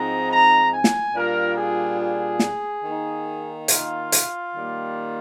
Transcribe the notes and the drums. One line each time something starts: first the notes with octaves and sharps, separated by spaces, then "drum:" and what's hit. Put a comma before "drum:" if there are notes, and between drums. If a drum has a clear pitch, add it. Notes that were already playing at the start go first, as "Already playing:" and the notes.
Already playing: G#2 F3 G#3 C4 D#4 A#5
A#5
G#5
drum: snare
A#2 G3 D4 F4 A#4
G#4
G#4
drum: snare
D#3 A#3 D#4
F4, drum: hi-hat
drum: hi-hat
D#3 G3 A#3